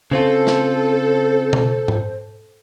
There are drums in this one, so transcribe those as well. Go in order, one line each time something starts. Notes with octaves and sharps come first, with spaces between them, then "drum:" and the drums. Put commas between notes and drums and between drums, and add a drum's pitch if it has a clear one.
C#3 C4 F4 A4 C5
drum: snare
drum: tom B2
drum: tom G#2